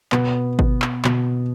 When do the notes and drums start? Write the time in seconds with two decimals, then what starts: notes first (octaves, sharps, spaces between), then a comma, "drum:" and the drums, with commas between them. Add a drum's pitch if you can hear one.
0.12 B2 B3, drum: clap
0.59 drum: kick G1
0.82 drum: clap
1.05 B2, drum: clap